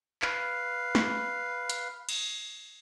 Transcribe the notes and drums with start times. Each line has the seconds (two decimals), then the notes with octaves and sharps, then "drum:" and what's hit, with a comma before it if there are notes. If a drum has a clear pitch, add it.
0.22 B4 F5, drum: clap
0.95 drum: snare
1.70 drum: hi-hat
2.09 drum: cymbal